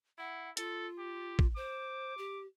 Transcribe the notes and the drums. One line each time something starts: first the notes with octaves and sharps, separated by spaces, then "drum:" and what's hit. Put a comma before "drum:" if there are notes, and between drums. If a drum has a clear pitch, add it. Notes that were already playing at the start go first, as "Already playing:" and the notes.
E4 F#5
F4 A4, drum: hi-hat
G4
drum: kick
C5 D6
G4